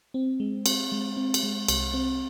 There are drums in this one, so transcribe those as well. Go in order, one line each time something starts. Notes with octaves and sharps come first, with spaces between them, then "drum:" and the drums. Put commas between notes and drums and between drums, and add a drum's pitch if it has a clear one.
C4
G#3
C4, drum: cymbal
G#3
C4
drum: cymbal
G#3
C2, drum: cymbal
C4